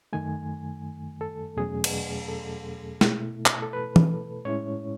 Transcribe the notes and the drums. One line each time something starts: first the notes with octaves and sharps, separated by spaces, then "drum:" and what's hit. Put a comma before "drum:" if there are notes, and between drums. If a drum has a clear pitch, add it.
F#2 D#3 A3 G#5
A4
E2 B2 F#3 A3 C#4 G#4
drum: cymbal
A4
B2 A3 E4, drum: snare
drum: clap
A4
B4
drum: tom
A2 G#3 C#4 E4 C#5